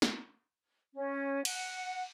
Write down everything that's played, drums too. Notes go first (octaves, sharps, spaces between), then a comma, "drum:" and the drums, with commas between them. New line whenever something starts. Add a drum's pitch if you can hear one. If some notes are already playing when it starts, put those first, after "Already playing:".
drum: snare
C#4
F#5, drum: cymbal